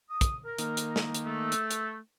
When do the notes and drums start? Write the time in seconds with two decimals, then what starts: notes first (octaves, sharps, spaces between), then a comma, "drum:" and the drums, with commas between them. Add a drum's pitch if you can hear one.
0.10 D#6
0.21 drum: kick, hi-hat
0.45 A#4
0.58 D#3 A#3, drum: hi-hat
0.77 drum: hi-hat
0.96 drum: snare
1.15 drum: hi-hat
1.26 A3
1.52 drum: hi-hat
1.71 drum: hi-hat